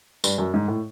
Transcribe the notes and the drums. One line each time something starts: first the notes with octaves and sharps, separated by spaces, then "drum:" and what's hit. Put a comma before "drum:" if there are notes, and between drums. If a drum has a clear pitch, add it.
G2, drum: tambourine
F#2
G#2
A2